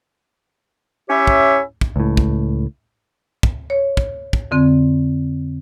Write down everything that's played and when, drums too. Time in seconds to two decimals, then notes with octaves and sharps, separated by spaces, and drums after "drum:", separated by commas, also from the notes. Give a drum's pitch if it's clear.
1.09 C#4 E4 G4 C#5 E5
1.27 drum: kick
1.81 drum: kick
1.96 C#2 A2
2.17 drum: kick
3.43 drum: kick
3.70 C#5
3.97 drum: kick
4.33 drum: kick
4.51 F2 D3 C4